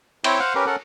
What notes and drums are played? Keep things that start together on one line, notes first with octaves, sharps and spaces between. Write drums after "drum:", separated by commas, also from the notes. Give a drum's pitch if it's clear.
C4 E4 C#5 G5, drum: cymbal
C5 F5 F#5
C#4 G4 A#4 B4
C#4 A4 A#4 F#5